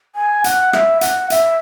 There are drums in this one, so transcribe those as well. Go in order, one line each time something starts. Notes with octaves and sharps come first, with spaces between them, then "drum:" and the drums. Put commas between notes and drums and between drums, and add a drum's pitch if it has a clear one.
G#5
F#5, drum: hi-hat
E5, drum: rim click
F#5, drum: hi-hat
E5, drum: hi-hat